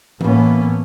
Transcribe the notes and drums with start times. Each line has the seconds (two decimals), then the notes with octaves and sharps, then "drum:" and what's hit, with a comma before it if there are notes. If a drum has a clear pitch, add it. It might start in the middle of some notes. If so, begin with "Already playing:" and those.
0.21 A2 E3 A#3 B3 C#4, drum: tom E3